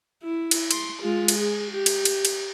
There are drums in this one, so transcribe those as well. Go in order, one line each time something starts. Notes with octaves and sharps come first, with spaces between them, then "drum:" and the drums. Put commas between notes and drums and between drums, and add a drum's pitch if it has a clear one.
E4
drum: cymbal
C6, drum: cymbal
G#3 F4
drum: cymbal
G#4
G4
drum: cymbal
drum: cymbal
drum: cymbal